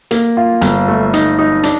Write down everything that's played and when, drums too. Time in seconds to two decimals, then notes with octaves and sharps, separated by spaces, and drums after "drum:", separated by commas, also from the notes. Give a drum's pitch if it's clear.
0.11 A#3, drum: hi-hat
0.37 F4
0.61 G1, drum: hi-hat
0.88 A3
1.14 D#4, drum: hi-hat
1.39 D#4
1.63 D4, drum: hi-hat